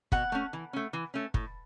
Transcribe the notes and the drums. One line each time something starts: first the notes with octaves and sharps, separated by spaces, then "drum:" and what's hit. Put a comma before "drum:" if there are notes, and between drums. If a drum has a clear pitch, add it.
B2 F#5, drum: kick
A3 C#4
E3
A3 C#4
E3
A3 C#4
A2, drum: kick